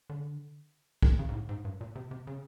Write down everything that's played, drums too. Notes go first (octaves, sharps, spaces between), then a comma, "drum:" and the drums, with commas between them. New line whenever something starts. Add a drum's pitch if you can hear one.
D3
D#3, drum: kick
C#3
G#2
A2
G#2
G2
A#2
C3
C3
C#3